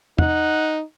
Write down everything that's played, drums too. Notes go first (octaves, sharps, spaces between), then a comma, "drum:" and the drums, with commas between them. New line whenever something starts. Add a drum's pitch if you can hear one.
D#4 F#5, drum: tom